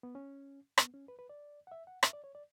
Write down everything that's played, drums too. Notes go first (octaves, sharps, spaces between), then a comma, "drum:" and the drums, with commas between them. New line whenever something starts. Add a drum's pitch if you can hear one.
B3
C#4
B3, drum: rim click
C#4
B4
B4
D5
F#5
E5
F#5
E5, drum: rim click
D5
C#5
D5